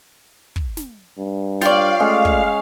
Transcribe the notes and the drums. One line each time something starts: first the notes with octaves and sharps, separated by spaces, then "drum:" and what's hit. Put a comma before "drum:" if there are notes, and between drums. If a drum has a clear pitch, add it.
drum: kick
drum: snare
G2
F4 C#5 D5 F5 G5, drum: snare
G#3 A3 C#4 F#5
drum: kick